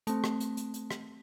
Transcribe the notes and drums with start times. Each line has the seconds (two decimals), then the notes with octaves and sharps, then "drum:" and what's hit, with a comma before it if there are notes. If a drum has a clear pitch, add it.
0.07 A3 C4, drum: hi-hat
0.24 drum: rim click
0.40 drum: hi-hat
0.57 drum: hi-hat
0.74 drum: hi-hat
0.91 drum: rim click